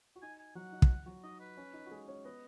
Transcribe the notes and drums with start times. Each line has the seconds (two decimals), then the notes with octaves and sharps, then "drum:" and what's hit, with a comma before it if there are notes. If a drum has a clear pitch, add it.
0.16 F#4
0.22 D#4 G#5
0.39 G#5
0.55 F#3 F#4 F#5
0.72 D#4
0.82 drum: kick
1.06 F#3 F#4
1.23 D#4 D#5
1.40 B4
1.57 C#4
1.73 D#4
1.86 F#4
1.91 G#3 G#4
2.08 C#4 C#5
2.25 B3 B4 D#5